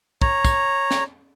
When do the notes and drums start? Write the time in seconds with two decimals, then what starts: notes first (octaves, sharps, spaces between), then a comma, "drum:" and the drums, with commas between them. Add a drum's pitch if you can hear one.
0.22 C#5 A#5, drum: kick
0.45 drum: kick, tambourine
0.91 drum: snare